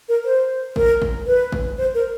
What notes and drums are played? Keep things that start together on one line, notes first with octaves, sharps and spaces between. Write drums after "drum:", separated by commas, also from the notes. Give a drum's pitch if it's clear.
A#4
C5
A#4, drum: kick
drum: kick
B4
drum: kick
C5
A#4